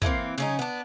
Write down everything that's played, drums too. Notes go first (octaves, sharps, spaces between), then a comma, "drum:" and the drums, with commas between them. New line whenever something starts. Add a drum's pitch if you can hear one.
E3 A3 A#3 C4, drum: kick
C#3 C#4 D#4, drum: snare
B3 D4